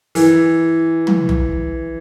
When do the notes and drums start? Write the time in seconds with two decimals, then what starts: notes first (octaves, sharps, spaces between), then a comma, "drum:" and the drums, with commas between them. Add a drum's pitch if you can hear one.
0.15 E3, drum: open hi-hat
1.07 drum: tom
1.29 drum: tom